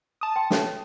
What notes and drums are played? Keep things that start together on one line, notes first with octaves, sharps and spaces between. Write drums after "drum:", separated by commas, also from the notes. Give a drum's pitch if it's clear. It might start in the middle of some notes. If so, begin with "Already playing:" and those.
A5 D#6
G5 C6
A4 C#5, drum: snare